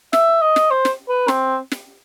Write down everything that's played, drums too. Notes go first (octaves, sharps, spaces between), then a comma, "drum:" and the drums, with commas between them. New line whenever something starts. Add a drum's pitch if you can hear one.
E5, drum: snare
D#5
drum: snare
C5
drum: snare
B4
C4, drum: snare
drum: snare